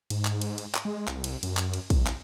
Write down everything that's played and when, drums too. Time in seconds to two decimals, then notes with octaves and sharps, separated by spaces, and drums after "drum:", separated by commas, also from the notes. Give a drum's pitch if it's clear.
0.10 G#2, drum: cymbal
0.25 drum: clap
0.42 drum: cymbal
0.58 drum: cymbal
0.75 drum: clap
0.85 G#3
1.08 C2, drum: clap
1.24 drum: cymbal
1.43 F#2, drum: cymbal
1.57 drum: clap
1.74 drum: cymbal
1.90 C2, drum: kick, cymbal
2.07 drum: clap